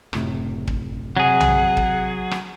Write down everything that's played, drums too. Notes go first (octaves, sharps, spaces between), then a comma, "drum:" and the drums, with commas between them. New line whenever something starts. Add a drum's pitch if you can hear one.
F#1 A2 C3, drum: rim click
drum: kick
C3 F#3 G#4 F#5
drum: tom B1
drum: kick
drum: rim click